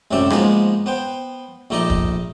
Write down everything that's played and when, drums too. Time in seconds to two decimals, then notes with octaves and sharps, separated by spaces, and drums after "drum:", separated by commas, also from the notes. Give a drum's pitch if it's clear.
0.11 A1 F#2 C3 A3 D5 E5
0.30 G#2 F3 G#3 A#3 B3, drum: rim click
0.86 B3 C5 G5
1.70 A#1 A3 D#4 D5 D#5
1.90 drum: kick